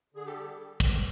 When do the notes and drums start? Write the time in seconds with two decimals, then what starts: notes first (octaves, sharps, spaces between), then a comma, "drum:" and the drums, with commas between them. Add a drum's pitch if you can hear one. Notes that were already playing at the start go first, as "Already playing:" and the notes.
0.14 D3 G#4
0.26 G4 A4
0.37 G3
0.80 drum: kick, cymbal